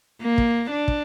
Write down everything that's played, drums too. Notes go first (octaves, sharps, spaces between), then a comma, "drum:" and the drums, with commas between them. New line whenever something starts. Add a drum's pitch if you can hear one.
A#3
drum: kick
D4
drum: kick